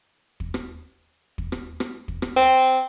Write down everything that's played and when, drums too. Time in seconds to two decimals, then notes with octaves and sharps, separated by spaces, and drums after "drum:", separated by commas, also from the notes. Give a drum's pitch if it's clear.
0.40 drum: kick
0.54 drum: rim click
1.38 drum: kick
1.52 drum: rim click
1.80 drum: rim click
2.08 drum: kick
2.22 drum: rim click
2.36 C4